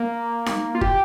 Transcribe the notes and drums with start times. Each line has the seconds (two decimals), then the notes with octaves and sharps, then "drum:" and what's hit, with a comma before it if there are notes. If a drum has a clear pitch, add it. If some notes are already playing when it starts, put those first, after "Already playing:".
Already playing: A#3
0.46 drum: snare D#4
0.75 F4
0.81 G4, drum: kick